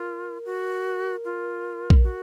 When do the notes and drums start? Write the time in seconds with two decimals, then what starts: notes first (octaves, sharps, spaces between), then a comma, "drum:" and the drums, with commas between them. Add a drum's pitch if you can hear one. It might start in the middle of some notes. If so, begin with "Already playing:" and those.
Already playing: F4 A#4
0.45 F#4
1.25 F4
1.90 drum: kick
2.03 F#4